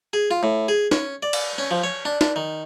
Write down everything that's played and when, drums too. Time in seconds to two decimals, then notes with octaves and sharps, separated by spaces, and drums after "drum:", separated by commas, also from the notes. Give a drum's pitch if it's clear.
0.13 G#4
0.31 F4
0.43 A2
0.68 G#4
0.91 C#4, drum: snare D#4
1.23 D5
1.33 drum: cymbal
1.58 C#4
1.71 F3
1.84 C#5
2.05 D4
2.21 D4, drum: snare D#4
2.36 D#3